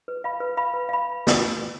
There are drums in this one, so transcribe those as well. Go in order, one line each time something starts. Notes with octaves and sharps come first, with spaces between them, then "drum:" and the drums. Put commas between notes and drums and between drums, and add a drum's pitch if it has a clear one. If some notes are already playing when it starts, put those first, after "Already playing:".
B4
F5 B5
B4
F5 B5
B4
F5 B5
drum: snare